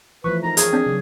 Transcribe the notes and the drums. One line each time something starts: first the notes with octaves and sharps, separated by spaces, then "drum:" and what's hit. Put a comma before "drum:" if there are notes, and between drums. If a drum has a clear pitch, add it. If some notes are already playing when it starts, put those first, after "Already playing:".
E3 F3 A3 B4 C#6
D#4 A#4 A#5
G4 G#4 A#4 C#5, drum: hi-hat
C4 D4 D5
C#3 F#3